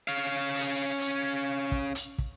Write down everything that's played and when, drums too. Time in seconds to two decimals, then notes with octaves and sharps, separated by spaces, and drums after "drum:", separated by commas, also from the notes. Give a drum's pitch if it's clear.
0.08 C#4 F5
0.55 drum: open hi-hat
1.01 drum: hi-hat
1.72 drum: kick
1.95 drum: hi-hat
2.18 drum: kick